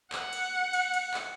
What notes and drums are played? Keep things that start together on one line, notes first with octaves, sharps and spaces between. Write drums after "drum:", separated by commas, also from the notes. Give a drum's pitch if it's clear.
F#5, drum: clap
drum: cymbal
drum: cymbal
drum: cymbal
drum: clap